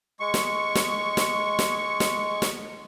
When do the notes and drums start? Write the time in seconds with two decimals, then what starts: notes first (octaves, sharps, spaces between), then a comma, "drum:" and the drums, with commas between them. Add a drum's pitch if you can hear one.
0.20 G#3 C#6
0.34 drum: snare
0.75 drum: snare
1.17 drum: snare
1.59 drum: snare
2.00 drum: snare
2.42 drum: snare